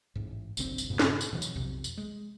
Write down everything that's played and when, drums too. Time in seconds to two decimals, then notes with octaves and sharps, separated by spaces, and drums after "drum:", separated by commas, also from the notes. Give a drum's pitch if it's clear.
0.15 A1 G#2
0.57 F#1 B1 D3 C4, drum: tambourine
0.78 drum: tambourine
0.90 G2 A#2 C#3 B3
0.99 drum: snare
1.21 drum: tambourine
1.33 B2 E3 F#3
1.42 drum: tambourine
1.56 B1 F2 C3
1.84 drum: tambourine
1.97 G#3